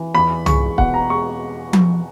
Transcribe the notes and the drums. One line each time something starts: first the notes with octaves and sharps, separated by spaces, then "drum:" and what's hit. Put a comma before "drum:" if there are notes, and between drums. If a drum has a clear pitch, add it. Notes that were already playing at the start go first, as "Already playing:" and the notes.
Already playing: E3
E2 B5
G#3 C#6, drum: tom C2
B2 F#5, drum: kick C#1
A#5
G#3 C#6
drum: tom F3